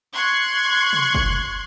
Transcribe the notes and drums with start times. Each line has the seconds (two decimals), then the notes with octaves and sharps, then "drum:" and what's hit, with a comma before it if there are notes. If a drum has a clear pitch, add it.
0.14 C6 C#6 F#6 G#6
0.93 drum: tom
1.14 drum: kick